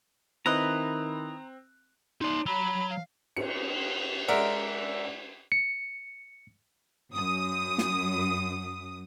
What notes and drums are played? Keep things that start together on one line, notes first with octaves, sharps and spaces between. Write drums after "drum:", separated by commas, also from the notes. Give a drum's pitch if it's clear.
D#3 C4 E4 B4 D#5 A#5 F#6
D#4 D5 C6
F#3 A#5 B5
F5
C#7, drum: cymbal
G#3 A#4 D5 E5 F#5
C#7
F#2 D#6
drum: snare